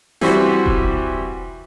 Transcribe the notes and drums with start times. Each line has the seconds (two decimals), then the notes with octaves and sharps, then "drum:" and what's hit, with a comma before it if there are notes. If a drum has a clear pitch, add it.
0.21 E3 G3 C4 F#4 C5, drum: snare
0.66 drum: kick E1